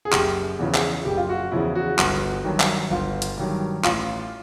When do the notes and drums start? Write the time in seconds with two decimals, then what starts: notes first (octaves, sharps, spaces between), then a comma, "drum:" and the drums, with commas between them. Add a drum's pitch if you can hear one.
0.05 G#4
0.12 F#1 G4, drum: clap
0.59 E2 C#3 F3
0.74 drum: clap
1.05 F#1 G4
1.17 F4
1.29 F#4
1.52 E2 C#3 F3 E4
1.75 F#4
1.99 G1, drum: clap
2.45 G2 D#3 F#3
2.60 drum: clap
2.90 G1 F4
3.22 drum: hi-hat
3.37 G2 D#3 F#3
3.84 A1 F4, drum: clap